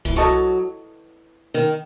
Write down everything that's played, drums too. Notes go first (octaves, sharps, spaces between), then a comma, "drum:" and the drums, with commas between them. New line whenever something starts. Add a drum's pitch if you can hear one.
E3, drum: kick
F#3 A4 D#5 A5 C#6
D#3